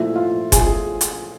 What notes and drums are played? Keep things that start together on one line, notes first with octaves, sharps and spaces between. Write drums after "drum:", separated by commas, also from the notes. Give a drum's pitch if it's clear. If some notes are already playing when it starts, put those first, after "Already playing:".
Already playing: A#2 F3 A3 E4 E5
F4 F5
G#4 G#5, drum: kick F#1, hi-hat
drum: hi-hat